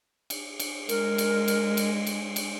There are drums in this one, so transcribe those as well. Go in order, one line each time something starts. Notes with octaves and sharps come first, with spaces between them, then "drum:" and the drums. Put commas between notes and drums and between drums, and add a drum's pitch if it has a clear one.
drum: cymbal
drum: cymbal
G#3 A#4, drum: cymbal
drum: cymbal
drum: cymbal
drum: cymbal
drum: cymbal
drum: cymbal